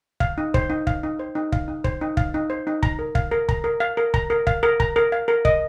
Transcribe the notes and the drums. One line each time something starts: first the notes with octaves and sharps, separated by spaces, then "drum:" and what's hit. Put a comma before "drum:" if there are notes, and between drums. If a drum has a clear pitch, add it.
F5, drum: kick
D#4
C5, drum: kick
D#4
F5, drum: kick
D#4
C5
D#4
F5, drum: kick
D#4
C5, drum: kick
D#4
F5, drum: kick
D#4
C5
D#4
A#5, drum: kick
A#4
F5, drum: kick
A#4
A#5, drum: kick
A#4
F5
A#4
A#5, drum: kick
A#4
F5, drum: kick
A#4
A#5, drum: kick
A#4
F5
A#4
D#5, drum: kick